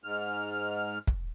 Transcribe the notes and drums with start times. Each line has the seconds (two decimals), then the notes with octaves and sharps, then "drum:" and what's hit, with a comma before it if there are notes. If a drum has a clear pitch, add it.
0.04 G#2 F6
1.07 drum: kick